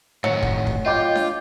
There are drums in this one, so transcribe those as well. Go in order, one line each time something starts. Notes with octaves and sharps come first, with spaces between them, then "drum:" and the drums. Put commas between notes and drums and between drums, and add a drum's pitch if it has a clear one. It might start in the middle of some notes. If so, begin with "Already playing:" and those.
A2 D#3 F#3
drum: kick
drum: kick
F4 D#5 G5 D6 G6
drum: snare D4